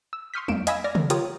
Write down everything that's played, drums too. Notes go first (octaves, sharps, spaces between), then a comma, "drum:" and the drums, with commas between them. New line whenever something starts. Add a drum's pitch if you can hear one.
E6
C6 C#6 D#6 F6 G6 B6
F2 A#3 D7 E7, drum: tom F#3
D#5 F5 G#5 B5 D#6 E6, drum: hi-hat
D5 F6 G#6 A#6
drum: tom C#3
F4 G4 A#4 C#5 C#6 D#6, drum: hi-hat